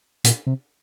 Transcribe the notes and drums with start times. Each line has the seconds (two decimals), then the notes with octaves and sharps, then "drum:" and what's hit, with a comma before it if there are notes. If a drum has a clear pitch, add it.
0.24 A#2, drum: hi-hat
0.47 C3